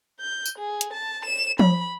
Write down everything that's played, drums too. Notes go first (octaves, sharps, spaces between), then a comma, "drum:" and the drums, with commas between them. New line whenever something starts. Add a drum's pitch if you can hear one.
G6
drum: tambourine
G#4
drum: hi-hat
A5
E7
B5, drum: tom F3